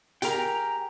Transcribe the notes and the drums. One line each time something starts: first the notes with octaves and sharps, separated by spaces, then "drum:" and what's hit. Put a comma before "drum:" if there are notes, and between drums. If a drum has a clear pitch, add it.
G4 G#4 A#4 G5 A#5, drum: hi-hat